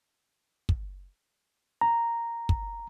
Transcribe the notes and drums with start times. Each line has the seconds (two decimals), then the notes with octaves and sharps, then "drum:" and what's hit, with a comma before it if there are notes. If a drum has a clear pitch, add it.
0.69 drum: kick
1.81 A#5
2.49 drum: kick